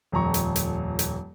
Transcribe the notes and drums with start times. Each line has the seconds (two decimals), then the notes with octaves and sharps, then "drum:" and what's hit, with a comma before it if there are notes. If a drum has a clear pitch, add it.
0.12 D#1 F2 A#5 C#6
0.34 drum: hi-hat
0.56 drum: hi-hat
0.99 drum: hi-hat